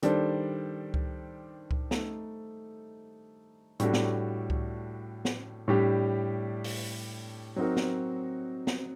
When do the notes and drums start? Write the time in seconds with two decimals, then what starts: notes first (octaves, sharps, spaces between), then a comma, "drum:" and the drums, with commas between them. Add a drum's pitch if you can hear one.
0.02 D#3 G3 D4 A4 C5, drum: hi-hat
0.94 drum: kick C#2
1.71 drum: kick C#2
1.91 A3 D#4 A4, drum: snare
3.80 A2 G3 D4 F#4 A4, drum: hi-hat
3.93 drum: snare
4.50 drum: kick C#2
5.25 drum: snare
5.68 A2 G3 D4 G4
6.64 drum: open hi-hat
7.56 F#3 C4 D#4 F#4 A#4
7.76 drum: snare
8.67 drum: snare